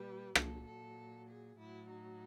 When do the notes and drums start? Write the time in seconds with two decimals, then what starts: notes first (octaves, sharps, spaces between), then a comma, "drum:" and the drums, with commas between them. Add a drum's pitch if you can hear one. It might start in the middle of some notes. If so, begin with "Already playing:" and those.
Already playing: A#2 G3 B4
0.35 A#2 F#3 A4, drum: rim click
0.66 A4
1.27 G#4
1.57 A2 F#3 E4
1.88 D#4